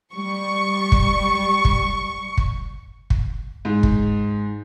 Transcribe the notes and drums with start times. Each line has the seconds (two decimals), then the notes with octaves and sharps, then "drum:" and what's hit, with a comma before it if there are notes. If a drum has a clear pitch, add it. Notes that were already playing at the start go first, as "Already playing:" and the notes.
0.14 G3 C#6
0.92 drum: kick
1.65 drum: kick
2.37 drum: kick
3.10 drum: kick
3.65 G#2
3.83 drum: kick